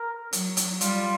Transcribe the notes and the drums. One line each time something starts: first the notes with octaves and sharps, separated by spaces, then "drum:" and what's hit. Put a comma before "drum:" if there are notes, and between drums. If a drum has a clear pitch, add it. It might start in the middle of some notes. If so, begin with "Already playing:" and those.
Already playing: A#4
F#3, drum: hi-hat
drum: hi-hat
G3 F4, drum: hi-hat